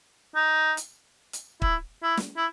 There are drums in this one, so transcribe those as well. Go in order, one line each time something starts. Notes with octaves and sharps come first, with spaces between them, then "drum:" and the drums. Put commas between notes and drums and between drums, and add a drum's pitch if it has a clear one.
D#4
drum: hi-hat
drum: hi-hat
E4, drum: kick
E4
drum: snare
E4